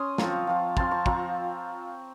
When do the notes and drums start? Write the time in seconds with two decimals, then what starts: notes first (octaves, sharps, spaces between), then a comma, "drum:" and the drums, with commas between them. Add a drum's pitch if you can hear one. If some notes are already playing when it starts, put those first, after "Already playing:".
Already playing: C#4 C6 D#6
0.18 F3 C4 F4 A#5 C#6, drum: snare
0.47 F3 C4 F4
0.77 F3 C4 F4 A5 C6, drum: kick
0.91 A#5 C#6
1.06 F3 C4 F4 A#5 C#6, drum: kick